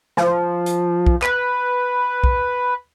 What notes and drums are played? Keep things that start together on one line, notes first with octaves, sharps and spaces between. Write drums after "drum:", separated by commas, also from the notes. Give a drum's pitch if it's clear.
F3, drum: snare
drum: hi-hat
drum: kick
B4, drum: clap
drum: kick